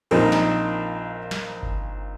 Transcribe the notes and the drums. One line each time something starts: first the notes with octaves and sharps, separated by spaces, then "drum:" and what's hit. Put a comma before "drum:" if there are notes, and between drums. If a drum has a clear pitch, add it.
A#1 A#2 F3 C4 D#4, drum: cymbal
drum: snare
drum: snare
drum: kick G1